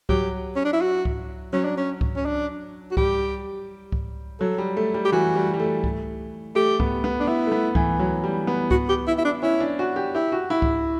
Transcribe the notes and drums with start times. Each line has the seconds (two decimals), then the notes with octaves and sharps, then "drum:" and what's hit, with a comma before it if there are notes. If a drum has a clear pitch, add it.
0.09 F#3 G4, drum: kick C#2
0.56 C#4
0.65 D4
0.73 E4
0.82 F#4
1.05 drum: kick C#2
1.53 F#3 C#4
1.65 D4
1.77 C#4
2.01 drum: kick C#2
2.16 C#4
2.25 D4
2.91 F#4
2.97 G3 G4, drum: kick C#2
3.92 drum: kick C#2
4.40 F#3 A4
4.58 G3
4.77 A3
4.94 G3
5.05 G4
5.12 E3 F#4
5.36 G3
5.54 G3
5.59 A3
5.84 drum: kick C#2
6.55 A3 G4
6.80 B3, drum: kick C#2
7.04 B3
7.20 D4
7.27 B3 E4
7.47 A3
7.52 B3
7.75 E3, drum: kick C#2
7.99 F#3
8.24 G3
8.47 B3
8.71 F#4, drum: kick C#2
8.89 G4
9.07 E4
9.18 E4
9.25 D4
9.43 C#4 E4
9.61 D4
9.79 F#4
9.96 G4
10.15 E4 G4
10.32 F#4
10.50 E4
10.62 drum: kick C#2